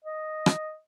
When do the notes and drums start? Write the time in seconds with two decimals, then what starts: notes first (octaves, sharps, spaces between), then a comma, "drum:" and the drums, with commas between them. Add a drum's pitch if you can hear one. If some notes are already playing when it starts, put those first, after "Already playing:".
0.05 D#5
0.46 drum: rim click